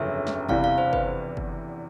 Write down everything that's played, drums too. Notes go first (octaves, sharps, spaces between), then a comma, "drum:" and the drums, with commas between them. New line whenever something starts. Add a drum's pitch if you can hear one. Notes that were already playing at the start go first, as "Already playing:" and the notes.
Already playing: G1 F2 C#3 F#3 E5
drum: snare
E2 C3 E3 G3 F5, drum: kick
F5
C5
B4, drum: kick
drum: kick